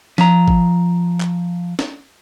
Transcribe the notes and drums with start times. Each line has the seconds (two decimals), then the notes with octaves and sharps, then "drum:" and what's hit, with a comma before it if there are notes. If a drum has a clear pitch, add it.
0.18 F3 A#5, drum: snare
0.48 drum: kick G#1
1.21 drum: clap
1.79 drum: snare